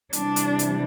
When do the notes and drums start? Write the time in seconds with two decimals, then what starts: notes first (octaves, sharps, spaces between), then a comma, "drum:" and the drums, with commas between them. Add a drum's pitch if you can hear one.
0.13 C3 E3 G3 D4, drum: hi-hat
0.36 drum: hi-hat
0.59 drum: hi-hat